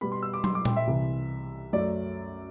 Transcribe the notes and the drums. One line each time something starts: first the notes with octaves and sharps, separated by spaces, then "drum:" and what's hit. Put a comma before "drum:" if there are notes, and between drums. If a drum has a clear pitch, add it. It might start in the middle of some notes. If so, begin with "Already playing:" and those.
B2 G3 B3 B5
C6
E6
D6
C6, drum: tom
D6
G5, drum: tom A#2
E5
C2 C3 E3
F#2 F#3 A3 D5